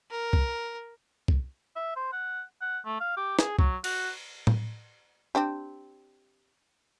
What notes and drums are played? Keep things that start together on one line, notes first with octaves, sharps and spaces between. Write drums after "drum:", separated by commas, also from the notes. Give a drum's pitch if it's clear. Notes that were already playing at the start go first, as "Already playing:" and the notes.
A#4
drum: kick
drum: kick
E5
C5
F#5
F#5
A3
F5
G4
G#4, drum: snare
F#3, drum: kick
F#4, drum: cymbal
drum: tom A2
C4 D4 G4